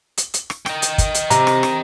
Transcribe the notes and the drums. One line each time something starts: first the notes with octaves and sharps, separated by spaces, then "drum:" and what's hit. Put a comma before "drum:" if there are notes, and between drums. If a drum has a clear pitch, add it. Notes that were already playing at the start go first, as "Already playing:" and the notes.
drum: hi-hat
drum: hi-hat
drum: rim click
D#5 G5, drum: rim click
drum: hi-hat
drum: kick, hi-hat
drum: hi-hat
C3 A#5, drum: hi-hat
drum: rim click
drum: rim click